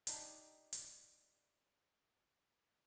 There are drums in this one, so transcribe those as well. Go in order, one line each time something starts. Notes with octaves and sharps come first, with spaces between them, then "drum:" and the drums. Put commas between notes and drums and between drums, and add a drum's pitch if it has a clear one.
D4 D#4 G4, drum: hi-hat
drum: hi-hat